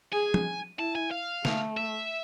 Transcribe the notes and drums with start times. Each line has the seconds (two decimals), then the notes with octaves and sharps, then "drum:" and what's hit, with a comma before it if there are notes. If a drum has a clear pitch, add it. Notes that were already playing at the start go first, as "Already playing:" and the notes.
0.13 G#4 G#5
0.34 drum: tom F3
0.79 E4 A5
0.95 G#5
1.11 F5
1.45 A3, drum: snare
1.77 E5